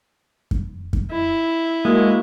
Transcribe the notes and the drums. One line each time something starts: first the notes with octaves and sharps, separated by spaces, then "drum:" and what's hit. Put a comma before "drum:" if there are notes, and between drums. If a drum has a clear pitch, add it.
drum: kick F#2
drum: kick F#2
E4
G#3 A#3 F#4